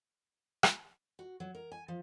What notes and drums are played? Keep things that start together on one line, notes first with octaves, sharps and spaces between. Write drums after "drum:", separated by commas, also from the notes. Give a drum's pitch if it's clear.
drum: rim click
F#4
F#3
A#4
G#5
F3